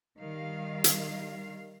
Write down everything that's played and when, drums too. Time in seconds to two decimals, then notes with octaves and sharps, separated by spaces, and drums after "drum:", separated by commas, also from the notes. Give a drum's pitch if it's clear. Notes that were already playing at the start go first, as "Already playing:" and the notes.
0.19 D#3 G3 F5
0.84 drum: hi-hat